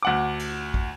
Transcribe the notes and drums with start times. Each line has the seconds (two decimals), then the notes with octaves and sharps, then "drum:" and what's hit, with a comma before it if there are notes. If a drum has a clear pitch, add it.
0.03 D2 F#5 D6
0.39 drum: cymbal
0.74 drum: kick